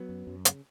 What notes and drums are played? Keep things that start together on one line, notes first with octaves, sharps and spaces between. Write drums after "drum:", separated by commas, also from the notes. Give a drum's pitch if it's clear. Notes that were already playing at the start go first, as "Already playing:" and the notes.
Already playing: F#3 B3
F#2
F#2
C#3, drum: hi-hat